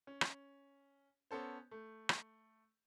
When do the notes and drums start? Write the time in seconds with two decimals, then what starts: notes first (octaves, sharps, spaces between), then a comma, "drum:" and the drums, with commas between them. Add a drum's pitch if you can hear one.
0.07 C#4
0.21 drum: rim click
1.31 B3 C#4 A4 C5
1.71 A3
2.09 drum: rim click